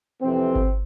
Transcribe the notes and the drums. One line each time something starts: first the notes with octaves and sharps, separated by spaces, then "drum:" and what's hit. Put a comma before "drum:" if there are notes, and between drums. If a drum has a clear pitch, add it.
F2 C3 E3 C4
drum: kick G1